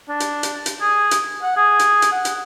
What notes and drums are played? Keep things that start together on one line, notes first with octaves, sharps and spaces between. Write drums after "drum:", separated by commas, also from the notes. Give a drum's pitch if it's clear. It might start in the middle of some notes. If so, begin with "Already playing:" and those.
D4
drum: hi-hat
drum: hi-hat
drum: hi-hat
G#4
drum: hi-hat
F#5
G#4
drum: hi-hat
drum: hi-hat
F#5
drum: hi-hat